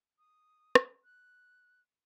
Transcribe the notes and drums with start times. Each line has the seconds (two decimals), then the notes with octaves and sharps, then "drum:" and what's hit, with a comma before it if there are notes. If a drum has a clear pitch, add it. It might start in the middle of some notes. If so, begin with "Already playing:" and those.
0.18 D#6
0.75 drum: rim click
1.04 F#6